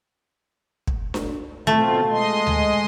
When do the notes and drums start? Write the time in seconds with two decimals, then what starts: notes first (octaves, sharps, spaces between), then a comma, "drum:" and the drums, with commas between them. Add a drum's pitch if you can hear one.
0.87 drum: kick
1.14 drum: snare D4
1.67 B2 A3 C4 F4
2.10 G#3 D#5 C6
2.47 drum: tom D2